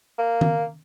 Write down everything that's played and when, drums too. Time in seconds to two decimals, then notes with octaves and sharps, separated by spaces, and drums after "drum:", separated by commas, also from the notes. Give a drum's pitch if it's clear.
0.18 A#3
0.41 drum: tom D#3